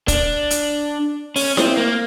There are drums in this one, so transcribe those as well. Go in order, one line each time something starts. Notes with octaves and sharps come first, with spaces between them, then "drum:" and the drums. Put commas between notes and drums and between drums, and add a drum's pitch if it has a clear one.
D4, drum: kick, hi-hat
drum: hi-hat
C#4, drum: open hi-hat
C4, drum: snare E4
A#3